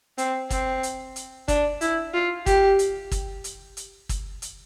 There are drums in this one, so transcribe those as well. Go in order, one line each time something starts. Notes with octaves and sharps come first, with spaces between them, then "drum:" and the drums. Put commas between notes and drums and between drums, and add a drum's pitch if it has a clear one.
C4, drum: hi-hat
C4, drum: kick, hi-hat
drum: hi-hat
drum: hi-hat
D4, drum: kick, hi-hat
E4, drum: hi-hat
F4
G4, drum: kick, hi-hat
drum: hi-hat
drum: kick, hi-hat
drum: hi-hat
drum: hi-hat
drum: kick, hi-hat
drum: hi-hat